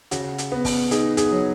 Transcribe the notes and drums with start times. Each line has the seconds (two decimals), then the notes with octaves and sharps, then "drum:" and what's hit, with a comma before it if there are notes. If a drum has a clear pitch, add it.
0.11 C#3 F#4, drum: hi-hat
0.38 drum: hi-hat
0.52 B3
0.65 drum: kick, open hi-hat
0.91 D#4 G#4, drum: hi-hat
1.17 G#4, drum: hi-hat
1.31 F#3